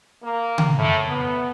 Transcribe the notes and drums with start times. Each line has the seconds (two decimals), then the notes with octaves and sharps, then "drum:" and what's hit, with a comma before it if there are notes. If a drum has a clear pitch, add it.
0.23 A#3
0.58 drum: tom C#3
0.78 A2
1.07 B3